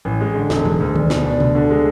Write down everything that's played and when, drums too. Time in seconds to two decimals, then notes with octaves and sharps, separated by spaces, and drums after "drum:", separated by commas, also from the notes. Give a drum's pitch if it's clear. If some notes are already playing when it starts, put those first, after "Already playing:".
0.05 A1
0.21 G#3
0.35 D3
0.50 E1, drum: snare
0.65 G#3, drum: tom D#3
0.80 D2
0.95 D4, drum: tom D3
1.10 B2, drum: snare
1.25 D4
1.40 D2, drum: tom B2
1.55 D3
1.70 G#3